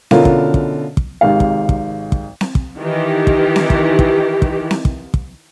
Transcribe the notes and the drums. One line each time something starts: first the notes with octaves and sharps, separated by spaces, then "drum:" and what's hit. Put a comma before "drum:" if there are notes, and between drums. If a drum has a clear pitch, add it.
B2 D3 C#4 E4 F4 A#4, drum: snare C4
drum: kick
drum: kick
drum: kick
G#1 G#2 C3 F5
drum: kick
drum: kick
drum: kick
drum: snare C4
drum: kick
D#3 E3 G4
drum: kick
drum: snare C4
drum: kick
drum: kick
drum: kick
drum: snare C4
drum: kick
drum: kick